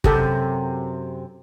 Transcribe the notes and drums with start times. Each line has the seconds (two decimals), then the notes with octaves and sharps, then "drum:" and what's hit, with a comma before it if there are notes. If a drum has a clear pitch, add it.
0.04 F#2 C3 G4 A4, drum: kick